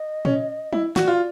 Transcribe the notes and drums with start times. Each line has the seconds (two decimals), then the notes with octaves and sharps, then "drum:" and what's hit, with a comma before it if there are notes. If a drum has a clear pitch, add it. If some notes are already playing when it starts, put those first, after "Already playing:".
Already playing: D#5
0.25 C#4, drum: tom
0.73 E4, drum: tom
0.96 F#4 D5, drum: snare
1.07 F4